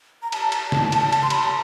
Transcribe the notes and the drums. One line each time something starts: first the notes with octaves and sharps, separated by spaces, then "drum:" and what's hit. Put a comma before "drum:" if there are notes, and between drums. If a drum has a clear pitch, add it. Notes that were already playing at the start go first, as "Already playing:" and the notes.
A#5
A5, drum: cymbal
drum: cymbal
drum: snare
drum: cymbal
drum: cymbal
C6
B5, drum: cymbal
A#5
A5